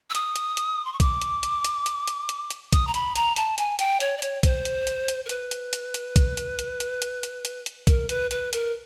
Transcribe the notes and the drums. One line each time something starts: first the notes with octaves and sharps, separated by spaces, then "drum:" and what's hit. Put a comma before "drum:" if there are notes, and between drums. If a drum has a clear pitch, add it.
E6
D#6, drum: hi-hat
drum: hi-hat
drum: hi-hat
C6
C#6
D6, drum: kick B1, hi-hat
drum: hi-hat
drum: hi-hat
drum: hi-hat
drum: hi-hat
drum: hi-hat
drum: hi-hat
drum: hi-hat
D#6, drum: kick B1, hi-hat
A#5
B5, drum: hi-hat
A#5, drum: hi-hat
A5, drum: hi-hat
G#5, drum: hi-hat
G5, drum: hi-hat
C#5, drum: hi-hat
D5
C#5, drum: hi-hat
C5, drum: kick B1, hi-hat
drum: hi-hat
drum: hi-hat
drum: hi-hat
A#4
B4, drum: hi-hat
drum: hi-hat
drum: hi-hat
drum: hi-hat
drum: kick B1, hi-hat
drum: hi-hat
drum: hi-hat
drum: hi-hat
drum: hi-hat
drum: hi-hat
drum: hi-hat
drum: hi-hat
A#4, drum: kick B1, hi-hat
B4, drum: hi-hat
B4, drum: hi-hat
A#4, drum: hi-hat